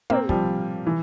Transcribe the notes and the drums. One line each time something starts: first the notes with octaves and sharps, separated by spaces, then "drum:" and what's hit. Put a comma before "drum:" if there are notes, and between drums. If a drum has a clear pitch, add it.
A#3 C4, drum: tom
F3 G3, drum: kick
E3